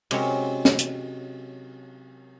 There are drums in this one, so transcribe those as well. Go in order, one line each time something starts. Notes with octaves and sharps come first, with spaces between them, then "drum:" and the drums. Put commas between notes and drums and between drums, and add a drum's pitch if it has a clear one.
C3 F#3 G#3 C4 C#4 A#4, drum: cymbal
drum: snare
drum: hi-hat